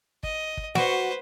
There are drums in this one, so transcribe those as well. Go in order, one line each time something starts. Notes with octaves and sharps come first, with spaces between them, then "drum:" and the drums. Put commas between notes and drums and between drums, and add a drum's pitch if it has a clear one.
D#5, drum: kick
drum: kick
F#4 B4 C5, drum: snare